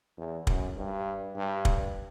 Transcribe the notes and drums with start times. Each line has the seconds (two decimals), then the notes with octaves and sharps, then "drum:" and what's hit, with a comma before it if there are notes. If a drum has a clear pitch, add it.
0.18 E2
0.47 F#2, drum: kick
0.76 G2
1.35 G2
1.65 drum: kick